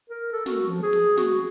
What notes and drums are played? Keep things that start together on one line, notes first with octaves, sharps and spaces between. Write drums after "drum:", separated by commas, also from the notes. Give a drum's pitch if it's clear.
A#4
A4
F#4, drum: snare
F3
G#4
drum: hi-hat
F#4, drum: snare